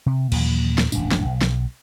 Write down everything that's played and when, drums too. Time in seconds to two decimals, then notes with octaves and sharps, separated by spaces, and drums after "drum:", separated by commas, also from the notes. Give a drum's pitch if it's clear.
0.06 C3
0.32 D#2 A#2 E3 F#3, drum: cymbal
0.78 drum: snare
0.92 D#1 A1 F#2 D4, drum: tambourine
1.11 drum: snare
1.25 B1
1.41 drum: snare